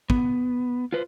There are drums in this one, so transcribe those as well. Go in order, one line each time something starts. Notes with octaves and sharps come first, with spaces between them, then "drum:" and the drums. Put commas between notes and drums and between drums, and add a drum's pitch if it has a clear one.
B3, drum: kick
F4 B4 C5